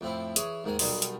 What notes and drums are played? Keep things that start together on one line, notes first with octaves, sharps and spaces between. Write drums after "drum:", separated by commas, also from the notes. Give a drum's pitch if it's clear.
F2 A2 C4 E4
E3 G#4 C#5, drum: hi-hat
D#2 G#2 D#3 G#3 G#5
B1 B2 D#3 G3 D#4 C6, drum: open hi-hat
drum: hi-hat